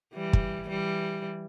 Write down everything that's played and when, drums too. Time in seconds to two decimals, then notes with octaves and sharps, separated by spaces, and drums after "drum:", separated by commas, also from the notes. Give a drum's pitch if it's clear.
0.14 E3 G3
0.33 drum: kick
0.68 E3 G3